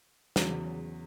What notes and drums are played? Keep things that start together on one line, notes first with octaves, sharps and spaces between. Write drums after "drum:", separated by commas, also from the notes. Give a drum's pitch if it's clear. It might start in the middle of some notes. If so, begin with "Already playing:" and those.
E2 C#3 F#3, drum: snare